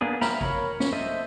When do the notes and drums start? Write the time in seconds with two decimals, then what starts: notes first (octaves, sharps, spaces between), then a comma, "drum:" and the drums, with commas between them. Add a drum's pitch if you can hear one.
0.01 A#3 B3 D4 G#4
0.21 E5 F5 G5 A#5 B5, drum: snare
0.41 A#4 C#5 B5, drum: kick A1
0.80 C#4, drum: snare
0.93 A4 C5 D#5 E5